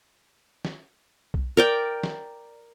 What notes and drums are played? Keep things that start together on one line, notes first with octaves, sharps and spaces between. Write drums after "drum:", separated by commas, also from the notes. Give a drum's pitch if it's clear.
drum: snare
drum: kick B1
A#4 D5 G5
drum: snare